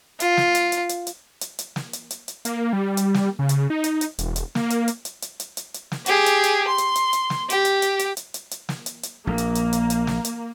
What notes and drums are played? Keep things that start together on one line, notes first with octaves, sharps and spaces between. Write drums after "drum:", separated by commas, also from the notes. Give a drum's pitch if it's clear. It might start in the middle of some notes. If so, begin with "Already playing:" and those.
F4, drum: hi-hat
drum: snare
drum: hi-hat
drum: hi-hat
drum: hi-hat
drum: hi-hat
drum: hi-hat
drum: hi-hat
drum: snare
drum: hi-hat
drum: hi-hat
drum: hi-hat
A#3, drum: hi-hat
G3
drum: hi-hat
drum: snare
C#3
drum: hi-hat
D#4
drum: hi-hat
drum: hi-hat
E1, drum: hi-hat
drum: hi-hat
A#3, drum: snare
drum: hi-hat
drum: hi-hat
drum: hi-hat
drum: hi-hat
drum: hi-hat
drum: hi-hat
drum: hi-hat
drum: snare
G4 G#4, drum: hi-hat
drum: hi-hat
drum: hi-hat
C6
drum: hi-hat
drum: hi-hat
drum: hi-hat
drum: snare
G4, drum: hi-hat
drum: hi-hat
drum: hi-hat
drum: hi-hat
drum: hi-hat
drum: hi-hat
drum: hi-hat
drum: snare
drum: hi-hat
drum: hi-hat
A#1 A#3
drum: hi-hat
drum: hi-hat
drum: hi-hat
drum: hi-hat
drum: snare
drum: hi-hat